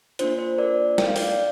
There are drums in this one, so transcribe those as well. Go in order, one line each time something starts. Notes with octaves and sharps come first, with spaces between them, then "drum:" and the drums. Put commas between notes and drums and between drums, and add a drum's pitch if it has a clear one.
A#3 D4 F4 C5, drum: hi-hat
C5
A#4 D5
G5, drum: snare
F5
D5 G5, drum: open hi-hat